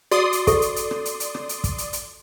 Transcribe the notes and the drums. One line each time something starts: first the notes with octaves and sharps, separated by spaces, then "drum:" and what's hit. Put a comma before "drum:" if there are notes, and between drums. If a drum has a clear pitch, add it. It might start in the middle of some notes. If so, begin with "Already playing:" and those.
F#4 D5 C6 D#6
drum: hi-hat
A4 C#6, drum: kick, hi-hat
drum: hi-hat
drum: hi-hat
drum: rim click
drum: hi-hat
drum: hi-hat
drum: rim click
drum: hi-hat
drum: kick, hi-hat
drum: hi-hat
drum: hi-hat